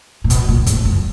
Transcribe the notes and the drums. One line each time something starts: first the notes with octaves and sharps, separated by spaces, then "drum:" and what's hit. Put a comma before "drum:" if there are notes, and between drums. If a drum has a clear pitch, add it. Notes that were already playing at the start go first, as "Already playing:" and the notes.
A#2
B2, drum: hi-hat
A#2
G#2, drum: hi-hat
F#2